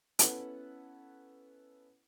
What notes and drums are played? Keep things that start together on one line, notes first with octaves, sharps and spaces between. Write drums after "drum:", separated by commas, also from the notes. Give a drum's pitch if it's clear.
B3 C#4 E4 A4 B4 F#5, drum: hi-hat